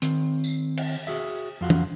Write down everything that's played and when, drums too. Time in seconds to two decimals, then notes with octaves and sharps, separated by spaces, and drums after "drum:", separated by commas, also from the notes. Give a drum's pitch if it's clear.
0.02 D#3 C4, drum: hi-hat
0.44 drum: tambourine
0.77 drum: cymbal
1.07 F#4 G#4 E5
1.61 F2 F4 F#4
1.70 drum: tom